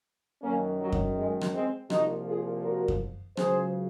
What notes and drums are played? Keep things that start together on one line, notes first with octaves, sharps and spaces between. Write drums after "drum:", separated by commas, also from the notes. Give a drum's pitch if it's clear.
F#2 D#3 F#3 A#3 C#4
F#3
drum: kick F#2
G#3
drum: rim click
G#3 C4
C2 A#2 F3 D#4 F#4, drum: rim click
F4 G#4
F#4 A#4
drum: kick F#2
C#2 C#3 F#3 G#4 C5, drum: rim click